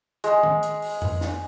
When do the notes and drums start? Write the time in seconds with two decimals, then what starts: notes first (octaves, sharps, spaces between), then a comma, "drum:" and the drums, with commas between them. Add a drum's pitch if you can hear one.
0.24 G#3, drum: hi-hat
0.43 drum: tom D#3
0.63 drum: hi-hat
0.82 drum: open hi-hat
1.02 drum: tom F2
1.21 drum: snare